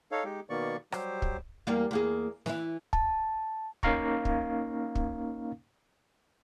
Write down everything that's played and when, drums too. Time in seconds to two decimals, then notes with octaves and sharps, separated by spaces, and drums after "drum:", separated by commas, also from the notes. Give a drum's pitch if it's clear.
0.12 D#4 A4 C#5 F5
0.25 G#3 D#4 G4
0.50 B2 D#3 A#3 B3 D5 C#6
0.92 F#3 G3 G4 C5, drum: rim click
1.22 drum: kick
1.67 E2 G3 A#3
1.91 E2 A#3 G#4
2.46 E3 E4, drum: snare
2.93 A5, drum: kick
3.83 A#3 C#4 D#4 F5 A#5 C#6, drum: kick
4.25 drum: kick
4.95 drum: kick